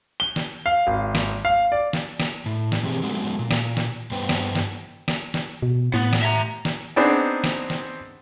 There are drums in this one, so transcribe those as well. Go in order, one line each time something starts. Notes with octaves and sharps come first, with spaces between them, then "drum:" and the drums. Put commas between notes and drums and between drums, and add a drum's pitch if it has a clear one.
G7
drum: snare
F5
G#1
drum: snare
F5
D5
drum: snare
drum: snare
A2
drum: snare
B2 E3 C4 G4 G#4
F#3 G#3 A3 B3 C#4
A#2
drum: snare
drum: snare
G2 G3 B3 B4 C5 G5
drum: snare
drum: snare
drum: snare
drum: snare
B2
A2 B3
drum: snare
E5 A#5
drum: snare
B3 C4 D4 D#4 G#4 C5
drum: snare
drum: snare